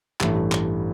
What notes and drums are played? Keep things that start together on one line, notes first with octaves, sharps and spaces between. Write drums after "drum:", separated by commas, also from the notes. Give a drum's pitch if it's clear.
A1 G2 E3 A3, drum: clap
drum: clap